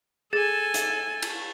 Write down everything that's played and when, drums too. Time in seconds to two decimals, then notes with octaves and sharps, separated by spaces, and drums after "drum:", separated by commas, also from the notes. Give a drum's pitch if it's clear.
0.33 G#4 A4 G#5 A6 E7
0.74 drum: hi-hat
1.22 drum: cymbal